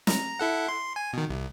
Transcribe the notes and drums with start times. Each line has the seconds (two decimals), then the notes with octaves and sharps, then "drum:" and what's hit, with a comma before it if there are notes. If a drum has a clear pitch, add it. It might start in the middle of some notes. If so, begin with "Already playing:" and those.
0.07 A#5, drum: snare
0.39 E4 A4 F#5
0.68 C6
0.96 G#5
1.13 B2 D#3
1.29 C2